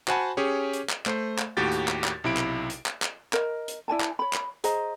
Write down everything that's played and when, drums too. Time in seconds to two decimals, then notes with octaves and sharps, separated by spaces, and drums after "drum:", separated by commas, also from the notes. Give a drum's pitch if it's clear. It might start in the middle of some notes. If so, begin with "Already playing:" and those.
0.08 F#4 C5 F#5 G#5 A5 B5, drum: clap
0.37 C#4 G4 G#4 C#5
0.73 drum: hi-hat
0.90 drum: clap
1.06 A3 C5, drum: clap
1.39 drum: clap
1.57 D#2 A2 F#4 G4 G5 A6
1.71 drum: hi-hat
1.88 drum: clap
2.04 drum: clap
2.24 B1 C3 E4 B5 D7
2.37 drum: clap
2.70 drum: hi-hat
2.86 drum: clap
3.02 drum: clap
3.33 A#4 D#5, drum: clap
3.68 drum: hi-hat
3.88 E4 D5 G#5 A5
4.01 drum: clap
4.19 C#5 B5
4.33 drum: clap
4.64 G#4 C5 D#5 A#5, drum: hi-hat